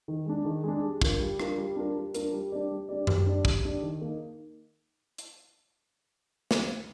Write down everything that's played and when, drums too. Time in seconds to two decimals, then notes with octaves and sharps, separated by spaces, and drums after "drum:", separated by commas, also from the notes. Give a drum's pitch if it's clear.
0.08 D#3
0.26 G#3 D4
0.45 D#3
0.64 G#3 D4
0.82 G3
1.02 D4 F4 A#4, drum: kick
1.20 G3
1.40 D4 F4 A#4, drum: rim click
1.58 G3
1.76 D4 F4 A#4
1.96 G3
2.14 D4 F4 A#4, drum: hi-hat
2.33 G3
2.52 D4 G4 D5
2.71 G3
2.89 D4 G4 D5
3.07 G3, drum: tom F#2
3.27 D4 G4 D5
3.45 G3, drum: kick
3.64 D4 G4 D5
3.82 D#3
4.01 A#3 D#4
5.18 drum: hi-hat
6.51 drum: snare